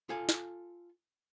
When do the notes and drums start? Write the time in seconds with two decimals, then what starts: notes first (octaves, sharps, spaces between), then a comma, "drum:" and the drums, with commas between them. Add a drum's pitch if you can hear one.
0.09 F4 A4 G#5
0.29 drum: snare